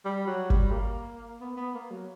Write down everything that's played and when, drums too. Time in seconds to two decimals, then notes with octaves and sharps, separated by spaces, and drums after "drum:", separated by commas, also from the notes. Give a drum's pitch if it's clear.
0.05 G3
0.27 F#3
0.50 G3, drum: kick
0.72 A#3
1.41 B3
1.57 B3
1.75 A#3
1.91 F#3